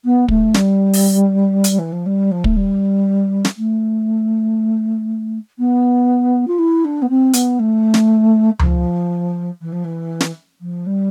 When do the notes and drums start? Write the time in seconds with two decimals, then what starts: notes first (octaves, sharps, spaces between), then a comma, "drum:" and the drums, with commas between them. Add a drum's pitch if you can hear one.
0.04 B3
0.28 A3, drum: kick
0.54 G3, drum: snare
0.93 drum: open hi-hat
1.64 drum: hi-hat
1.78 E3
1.92 F3
2.06 G3
2.31 F3
2.44 A3, drum: kick
2.56 G3
3.45 drum: snare
3.57 A3
5.58 B3
6.47 F4
6.58 E4
6.84 D4
7.02 B3
7.09 C4
7.33 B3, drum: hi-hat
7.59 A3
7.94 drum: snare
8.59 F3, drum: tom C#2
9.61 E3
9.72 F3
9.84 E3
10.20 drum: snare
10.61 F3
10.86 G3